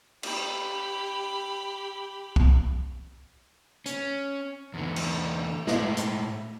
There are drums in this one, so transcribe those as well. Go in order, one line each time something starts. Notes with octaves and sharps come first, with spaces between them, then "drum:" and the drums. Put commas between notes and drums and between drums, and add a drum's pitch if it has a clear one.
G4 B5, drum: cymbal
drum: kick B1
C#4, drum: hi-hat
E2 D3
drum: cymbal
A2 G#3, drum: snare
drum: hi-hat